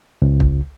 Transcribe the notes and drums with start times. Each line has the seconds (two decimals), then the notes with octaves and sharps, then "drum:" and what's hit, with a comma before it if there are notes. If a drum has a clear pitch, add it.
0.22 C#2
0.40 drum: kick